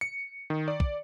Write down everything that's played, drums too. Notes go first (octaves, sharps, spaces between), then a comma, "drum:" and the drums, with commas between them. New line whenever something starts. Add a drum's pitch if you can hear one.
C#7
D#3
D5
drum: kick